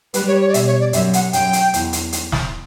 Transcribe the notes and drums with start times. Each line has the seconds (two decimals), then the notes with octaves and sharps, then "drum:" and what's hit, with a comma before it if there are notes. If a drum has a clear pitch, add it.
0.14 G3 B4, drum: hi-hat
0.27 C#5
0.41 C#5
0.49 D5
0.54 B2 E5, drum: hi-hat
0.67 C#5
0.80 D5
0.93 F#2 E5, drum: hi-hat
1.13 F#5, drum: hi-hat
1.33 F#2 G5, drum: hi-hat
1.53 drum: hi-hat
1.73 E2, drum: hi-hat
1.93 drum: hi-hat
2.13 drum: hi-hat
2.32 drum: snare